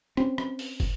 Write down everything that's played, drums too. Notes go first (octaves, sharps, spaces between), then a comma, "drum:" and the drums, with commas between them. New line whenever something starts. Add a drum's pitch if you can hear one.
C4 C#4, drum: rim click
drum: rim click
drum: open hi-hat
drum: kick, open hi-hat